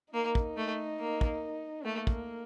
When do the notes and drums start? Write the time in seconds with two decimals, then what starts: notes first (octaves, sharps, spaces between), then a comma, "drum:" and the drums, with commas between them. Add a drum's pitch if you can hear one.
0.13 A#3 D#4
0.35 drum: kick
0.57 A3
0.99 A#3
1.21 drum: kick
1.85 A3 A#3
2.07 drum: kick